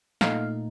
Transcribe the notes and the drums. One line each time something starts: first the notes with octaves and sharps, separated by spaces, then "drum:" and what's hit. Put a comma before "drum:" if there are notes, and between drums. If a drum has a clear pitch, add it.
A#2 A3 D#4 F5, drum: snare